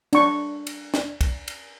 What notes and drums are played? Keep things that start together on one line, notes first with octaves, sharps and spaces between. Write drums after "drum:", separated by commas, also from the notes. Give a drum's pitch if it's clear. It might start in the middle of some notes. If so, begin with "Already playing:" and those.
D4 C#6, drum: cymbal
drum: cymbal
drum: snare
drum: kick, cymbal
drum: cymbal